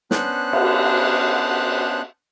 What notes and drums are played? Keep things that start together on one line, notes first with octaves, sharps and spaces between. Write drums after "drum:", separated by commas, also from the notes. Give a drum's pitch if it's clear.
B3 C#4 D4 C5 F#6, drum: snare
drum: cymbal